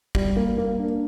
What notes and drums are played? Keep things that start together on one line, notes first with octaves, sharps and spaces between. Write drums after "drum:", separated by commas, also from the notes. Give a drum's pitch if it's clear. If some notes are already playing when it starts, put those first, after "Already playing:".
G3, drum: kick
A#3
A#3
D4